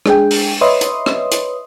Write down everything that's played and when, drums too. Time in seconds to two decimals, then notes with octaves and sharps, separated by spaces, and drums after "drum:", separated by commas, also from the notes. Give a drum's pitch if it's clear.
0.06 G#3 D4 G#4 G5, drum: rim click
0.31 drum: open hi-hat
0.61 B4 C#5 D#5 E5 C6 D#6
0.81 drum: hi-hat
1.06 drum: rim click
1.32 drum: hi-hat